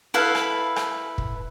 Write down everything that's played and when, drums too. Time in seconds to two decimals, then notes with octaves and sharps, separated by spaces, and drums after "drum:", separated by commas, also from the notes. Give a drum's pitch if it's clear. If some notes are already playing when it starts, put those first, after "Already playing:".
0.14 E4 A4 B4 F5
0.35 drum: rim click
0.76 drum: rim click
1.18 drum: kick